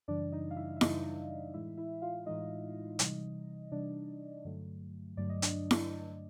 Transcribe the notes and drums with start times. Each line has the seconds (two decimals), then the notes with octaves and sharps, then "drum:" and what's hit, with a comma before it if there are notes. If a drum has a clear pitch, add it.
0.08 F#2 C#3 E3 G3 D4 D5
0.32 D#4 D#5
0.51 F5
0.56 E4 E5
0.77 E5
0.81 F#2 C#3 E3 G3 D#4 D#5, drum: snare E4
1.54 A2 E3 G#3 E4 E5
1.77 E4 E5
2.02 F4 F5
2.26 A2 E3 G#3 D#4 D#5
2.99 C3 E3 G3, drum: hi-hat
3.71 C3 E3 G3 D4 D5
4.45 G2 D3 F#3 A3
5.17 G2 D3 F#3 A3 D5
5.30 D#5
5.42 D4 D5, drum: hi-hat
5.71 drum: snare E4